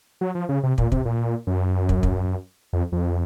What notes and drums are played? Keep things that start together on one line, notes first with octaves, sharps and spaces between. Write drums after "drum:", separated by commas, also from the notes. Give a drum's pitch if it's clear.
F#3
F3
C#3
C3
A#2, drum: kick
C3, drum: kick
A#2
F#2
drum: kick
drum: kick
F2
F2